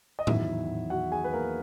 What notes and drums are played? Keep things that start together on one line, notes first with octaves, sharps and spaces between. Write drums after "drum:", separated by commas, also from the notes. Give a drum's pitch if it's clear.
D#5
E2 D#3 F#3 E4 E5, drum: tom A2
F#4 F#5
G#4 G#5
B4
A#3 A#4